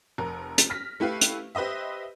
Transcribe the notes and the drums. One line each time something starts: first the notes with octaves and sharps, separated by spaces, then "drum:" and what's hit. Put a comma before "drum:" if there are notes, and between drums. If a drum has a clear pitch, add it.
F1 A#4
drum: hi-hat
F6 A#6 B6
A3 E4 G4 B4 F5
drum: hi-hat
G4 B4 C5 D#5 E5